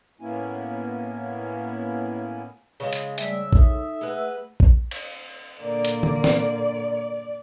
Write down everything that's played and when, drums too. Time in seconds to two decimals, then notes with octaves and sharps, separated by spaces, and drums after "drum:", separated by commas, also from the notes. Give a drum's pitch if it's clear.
0.21 A2 A#3 B3 C#4 E4 G#5
2.80 C#3 E3 G#3 F5
2.93 drum: hi-hat
3.18 G3 A3 D5 E5, drum: hi-hat
3.53 D#4 A4 D#6, drum: kick A#1
4.01 G#3 A3 B4 F#5
4.60 drum: kick A#1
4.91 drum: cymbal
5.62 A#2 D3 A#3 D5
5.85 drum: hi-hat
6.03 drum: tom D3
6.24 drum: snare